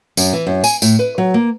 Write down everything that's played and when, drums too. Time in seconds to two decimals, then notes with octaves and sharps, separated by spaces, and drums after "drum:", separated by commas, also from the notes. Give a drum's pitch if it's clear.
0.17 F#2, drum: tambourine
0.33 E3
0.47 F#2
0.64 G#5, drum: tambourine
0.82 A2, drum: tambourine
0.99 B4
1.18 F#3
1.34 A#3